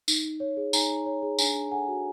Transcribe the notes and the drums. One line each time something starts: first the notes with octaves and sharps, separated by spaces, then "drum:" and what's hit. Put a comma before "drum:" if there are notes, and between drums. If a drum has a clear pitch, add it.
D#4, drum: tambourine
D#4
C#5
G#4
D#4 G#5 A#5, drum: tambourine
D#4
C#5
G#4
D4 G#5 A#5, drum: tambourine
D4
A4 F#5 G#5
F#4